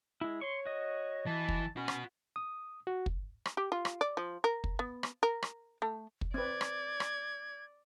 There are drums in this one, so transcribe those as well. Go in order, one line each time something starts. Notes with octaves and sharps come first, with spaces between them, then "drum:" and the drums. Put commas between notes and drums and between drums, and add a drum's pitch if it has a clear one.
G#3 E4
C#5 C6 C#6
F#4 D#5
E3 A5
drum: kick
C#4 F#4 B4
drum: rim click
D#6
F#4
drum: kick
drum: rim click
G4
F4
drum: rim click
D5
F3
A#4
drum: kick
B3
drum: rim click
A#4
drum: rim click
A3
drum: kick
C4 B4 D5 G#6
drum: rim click
drum: rim click